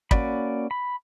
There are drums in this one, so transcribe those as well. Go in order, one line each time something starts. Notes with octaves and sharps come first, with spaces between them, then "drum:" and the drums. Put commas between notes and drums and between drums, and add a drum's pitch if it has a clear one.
A#3 C#4 F#4 D5 B5, drum: kick
B5